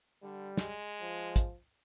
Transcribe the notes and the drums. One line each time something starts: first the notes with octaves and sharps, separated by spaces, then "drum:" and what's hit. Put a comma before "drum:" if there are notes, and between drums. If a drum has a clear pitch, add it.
D3 G3
G#3, drum: snare
F3
drum: kick, hi-hat